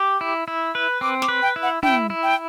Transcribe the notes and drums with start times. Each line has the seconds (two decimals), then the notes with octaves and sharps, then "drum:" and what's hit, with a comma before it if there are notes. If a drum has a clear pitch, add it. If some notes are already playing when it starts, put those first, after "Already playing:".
Already playing: G4
0.21 E4
0.48 E4
0.75 B4
1.01 C4 D6
1.22 D6, drum: snare
1.29 B4
1.42 G5
1.56 E4
1.63 F#5
1.83 E4 G5, drum: tom
2.10 E4
2.23 G5